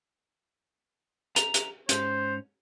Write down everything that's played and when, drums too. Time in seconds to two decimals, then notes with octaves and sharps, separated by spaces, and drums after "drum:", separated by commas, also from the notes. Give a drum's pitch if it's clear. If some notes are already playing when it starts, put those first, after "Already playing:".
1.36 A#5, drum: hi-hat
1.54 drum: hi-hat
1.89 G#2 C#4 C5, drum: hi-hat